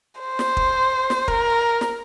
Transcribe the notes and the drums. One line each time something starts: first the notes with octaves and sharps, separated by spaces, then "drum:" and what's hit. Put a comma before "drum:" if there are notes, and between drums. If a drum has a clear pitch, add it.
C5
drum: snare
drum: kick
drum: snare
A#4, drum: kick
drum: snare